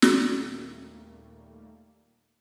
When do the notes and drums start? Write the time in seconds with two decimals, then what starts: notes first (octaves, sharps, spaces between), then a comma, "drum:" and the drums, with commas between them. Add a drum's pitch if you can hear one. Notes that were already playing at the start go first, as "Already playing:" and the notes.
0.02 drum: snare
0.24 D#2 A#2 D#3 G3 A3 A#3